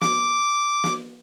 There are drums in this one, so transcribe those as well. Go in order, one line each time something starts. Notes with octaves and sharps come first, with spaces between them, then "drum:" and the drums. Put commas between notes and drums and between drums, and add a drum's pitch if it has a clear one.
D6, drum: snare
drum: snare